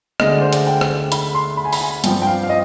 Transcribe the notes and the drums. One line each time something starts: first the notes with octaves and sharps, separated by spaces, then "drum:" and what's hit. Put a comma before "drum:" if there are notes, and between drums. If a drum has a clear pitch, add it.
D2 D3 G#3 D#5, drum: rim click
D5
C5
D5, drum: hi-hat
G5
drum: rim click
B5, drum: hi-hat
C6
B5
G#5
B5, drum: open hi-hat
G#5
G2 F3 C4 G5, drum: hi-hat
G5
F5
F5
D#5